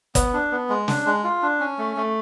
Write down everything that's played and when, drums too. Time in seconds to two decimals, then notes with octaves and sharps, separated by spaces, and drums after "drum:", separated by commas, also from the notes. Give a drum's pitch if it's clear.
0.15 B3, drum: kick, hi-hat
0.33 D4
0.52 B3
0.70 G#3
0.88 D4, drum: snare
1.06 G#3
1.24 F4
1.42 D4
1.60 C#4
1.78 A3
1.96 A3